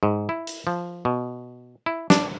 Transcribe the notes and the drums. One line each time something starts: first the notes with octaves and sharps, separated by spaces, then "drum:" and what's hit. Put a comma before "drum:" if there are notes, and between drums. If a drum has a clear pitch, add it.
G#2
E4
drum: hi-hat
F3
B2
E4
D4, drum: snare